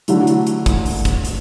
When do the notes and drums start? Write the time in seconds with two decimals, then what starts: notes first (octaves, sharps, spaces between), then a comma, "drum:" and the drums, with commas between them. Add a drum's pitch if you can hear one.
0.08 D3 F#3 A3 E4, drum: hi-hat
0.27 drum: hi-hat
0.47 drum: hi-hat
0.66 drum: kick, hi-hat
0.86 drum: open hi-hat
1.05 drum: kick, hi-hat
1.25 drum: hi-hat